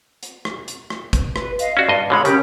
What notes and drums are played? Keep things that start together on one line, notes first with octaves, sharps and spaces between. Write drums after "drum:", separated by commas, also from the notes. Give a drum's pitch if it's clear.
drum: hi-hat
drum: rim click
drum: hi-hat
drum: rim click
drum: kick, hi-hat
B4, drum: rim click
D#5 F5, drum: hi-hat
C#4 F#4 D5 F5
G2 D#5
B2 D3 G#3 C#5 B5
C#3 C#4 G4 A#4, drum: hi-hat